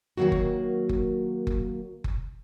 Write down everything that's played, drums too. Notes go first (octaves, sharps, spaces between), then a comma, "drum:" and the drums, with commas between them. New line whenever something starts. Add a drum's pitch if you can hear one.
D#3 F3 F#3 A#3 F#4
drum: kick F#1
drum: kick F#1
drum: kick F#1
drum: kick F#1